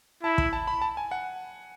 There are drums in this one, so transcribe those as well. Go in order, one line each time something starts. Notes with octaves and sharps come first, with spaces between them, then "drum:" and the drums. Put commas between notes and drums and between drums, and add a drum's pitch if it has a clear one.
E4 A5
B5, drum: kick
A5
B5
A5
G#5
F#5